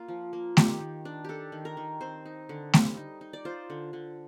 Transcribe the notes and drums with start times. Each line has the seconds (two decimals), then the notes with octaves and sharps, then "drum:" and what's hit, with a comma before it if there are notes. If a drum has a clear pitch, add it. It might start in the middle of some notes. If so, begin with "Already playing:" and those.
Already playing: A#3 F4
0.08 F3
0.33 A#3
0.57 D#3 G4, drum: snare A3
0.81 D#3
1.05 D4
1.24 D4 G4 A4
1.52 D#3
1.65 A#4
1.77 D#3
2.01 C4 C5
2.25 D#4
2.49 D3
2.73 G3, drum: snare A3
2.97 D#4
3.21 D#4
3.33 D5
3.45 F4 C5
3.70 D3
3.93 D3